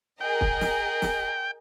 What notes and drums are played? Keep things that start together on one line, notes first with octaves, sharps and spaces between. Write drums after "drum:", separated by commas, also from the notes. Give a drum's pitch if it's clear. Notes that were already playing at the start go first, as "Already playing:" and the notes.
G#4 A#4 D#5 G5
drum: kick
drum: snare
drum: snare